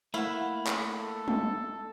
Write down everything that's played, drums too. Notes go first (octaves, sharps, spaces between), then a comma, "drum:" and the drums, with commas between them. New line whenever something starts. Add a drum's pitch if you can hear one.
A3 A#3 E4 F5 F#5
drum: clap
A4
drum: tom G3